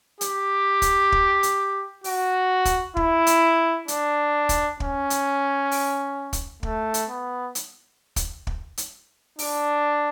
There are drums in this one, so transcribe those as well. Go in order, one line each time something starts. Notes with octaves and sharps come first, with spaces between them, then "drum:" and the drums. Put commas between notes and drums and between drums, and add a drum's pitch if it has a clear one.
G4, drum: hi-hat
drum: kick, hi-hat
drum: kick
drum: hi-hat
F#4, drum: open hi-hat
drum: kick, hi-hat
E4, drum: kick
drum: hi-hat
D4, drum: hi-hat
drum: kick, hi-hat
C#4, drum: kick
drum: hi-hat
drum: open hi-hat
drum: kick, hi-hat
A3, drum: kick
drum: hi-hat
B3
drum: hi-hat
drum: kick, hi-hat
drum: kick
drum: hi-hat
D4, drum: open hi-hat